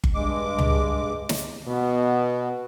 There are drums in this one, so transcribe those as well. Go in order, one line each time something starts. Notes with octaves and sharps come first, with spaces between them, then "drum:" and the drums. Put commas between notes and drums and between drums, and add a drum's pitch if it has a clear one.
drum: kick G1
G2 G#3 D6
drum: tom C#2
drum: snare
B2 B3